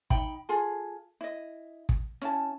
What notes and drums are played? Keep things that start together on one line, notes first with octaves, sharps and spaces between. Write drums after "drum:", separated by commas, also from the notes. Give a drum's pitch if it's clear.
D#4 G5 B5, drum: kick
F4 G#4 A4
E4 D#5
drum: kick
C#4 E4 A5, drum: hi-hat